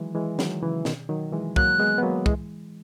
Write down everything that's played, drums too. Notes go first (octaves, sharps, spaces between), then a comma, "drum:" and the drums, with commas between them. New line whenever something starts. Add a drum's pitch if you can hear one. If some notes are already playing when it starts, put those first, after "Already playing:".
Already playing: D#3 E3 F#3 G#3
E3 G#3
D#3 F#3, drum: snare
C#3 E3
B2 D#3, drum: snare
D#3 F#3
E3 G#3
F#3 A#3 F#6, drum: kick
G#3 B3
B3
F#3 A#3
E3 G#3, drum: kick